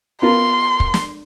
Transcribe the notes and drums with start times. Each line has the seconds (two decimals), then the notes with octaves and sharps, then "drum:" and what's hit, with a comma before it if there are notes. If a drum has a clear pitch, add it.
0.22 B3 F4 A#4 C6
0.80 drum: kick
0.94 drum: snare